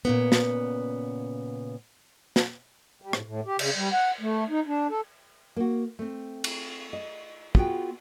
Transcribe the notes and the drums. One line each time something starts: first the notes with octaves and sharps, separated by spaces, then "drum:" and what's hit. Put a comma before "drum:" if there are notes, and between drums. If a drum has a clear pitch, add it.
A#2 C#3 B3
drum: snare
drum: snare
G3
A2, drum: rim click
A2
G4
C#3, drum: cymbal
G3
F#5
A3
D#4
D4
A4
A#3 F#4
A3 C4
drum: cymbal
D#5
B3 F4 F#4 G#4 G5, drum: kick